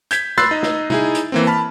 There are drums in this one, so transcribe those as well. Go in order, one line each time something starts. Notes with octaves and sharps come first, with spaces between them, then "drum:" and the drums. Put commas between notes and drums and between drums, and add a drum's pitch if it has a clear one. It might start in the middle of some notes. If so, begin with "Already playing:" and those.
G6 G#6 B6, drum: hi-hat
B5 C6 E6 F#6 A6 C7, drum: snare
D#4 D#5
drum: snare
D#4 E4 G#4, drum: tom C3
drum: hi-hat
E3 A#3 C4
A5 B5 F6